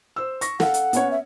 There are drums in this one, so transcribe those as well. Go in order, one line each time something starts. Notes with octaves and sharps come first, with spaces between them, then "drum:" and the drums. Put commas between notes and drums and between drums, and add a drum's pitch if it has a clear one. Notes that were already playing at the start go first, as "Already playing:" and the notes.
C5 E6
C#6 A#6, drum: hi-hat
A4 F5 F#5, drum: snare
drum: hi-hat
B3 C#4 C#5, drum: hi-hat
E5